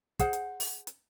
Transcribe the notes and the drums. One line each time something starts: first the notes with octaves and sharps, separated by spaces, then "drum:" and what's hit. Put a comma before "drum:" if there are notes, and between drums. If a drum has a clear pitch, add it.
G#4 C5 F#5, drum: kick, hi-hat
drum: hi-hat
drum: open hi-hat
drum: hi-hat